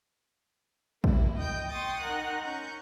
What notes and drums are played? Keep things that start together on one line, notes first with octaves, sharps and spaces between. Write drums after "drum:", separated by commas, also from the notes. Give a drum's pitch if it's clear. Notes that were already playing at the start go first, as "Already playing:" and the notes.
A#3 E4, drum: kick
D#5 G5 G6
G5 C6 C#6 D#6 A6
D#4 A#4 F#5 F#6
C#4 C#6 G6